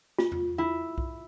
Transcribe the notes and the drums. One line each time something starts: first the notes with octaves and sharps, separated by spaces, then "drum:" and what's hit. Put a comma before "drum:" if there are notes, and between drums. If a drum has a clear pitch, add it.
F4, drum: snare
drum: tom E2
E4
drum: kick B1